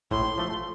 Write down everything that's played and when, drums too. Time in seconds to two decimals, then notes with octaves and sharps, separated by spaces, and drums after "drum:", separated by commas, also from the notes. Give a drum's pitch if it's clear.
0.11 A2 C6, drum: kick G#1
0.38 F3 A3